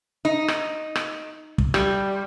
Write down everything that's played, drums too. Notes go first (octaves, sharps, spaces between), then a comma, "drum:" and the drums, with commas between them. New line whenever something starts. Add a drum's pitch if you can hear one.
D#4
drum: rim click
drum: rim click
drum: kick
G3, drum: rim click